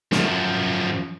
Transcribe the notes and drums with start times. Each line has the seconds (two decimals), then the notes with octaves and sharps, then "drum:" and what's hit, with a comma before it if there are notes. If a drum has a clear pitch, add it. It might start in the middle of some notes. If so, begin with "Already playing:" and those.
0.12 F#2 F3, drum: snare